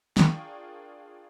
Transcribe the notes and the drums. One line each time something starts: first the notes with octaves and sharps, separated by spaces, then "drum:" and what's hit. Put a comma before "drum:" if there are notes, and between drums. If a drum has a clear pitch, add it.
D4 F4 G#4 A#4 G5 C#6, drum: snare